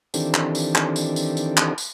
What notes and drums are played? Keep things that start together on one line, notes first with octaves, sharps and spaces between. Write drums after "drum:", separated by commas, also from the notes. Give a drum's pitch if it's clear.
D#3 E3 C4 D4 G4 A4, drum: tambourine
drum: clap
drum: tambourine
drum: clap
drum: tambourine
drum: tambourine
drum: tambourine
drum: clap
drum: tambourine